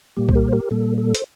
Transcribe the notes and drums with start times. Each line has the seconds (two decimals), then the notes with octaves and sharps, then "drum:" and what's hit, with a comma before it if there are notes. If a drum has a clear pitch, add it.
0.17 A#2 G3 A#3 G4
0.29 C5, drum: kick C2
0.35 G4 A#4
0.48 C5
0.53 G4 A#4
0.71 A#2 G3 A#3 A4
0.98 A4
1.15 C5, drum: hi-hat